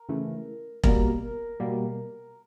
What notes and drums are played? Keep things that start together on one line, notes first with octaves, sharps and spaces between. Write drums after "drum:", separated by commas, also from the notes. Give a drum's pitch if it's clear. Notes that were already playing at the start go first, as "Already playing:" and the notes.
Already playing: A#4
C#3 E3 A3
B2 G3 A#3 A#4, drum: kick E1
B2 G3 A#3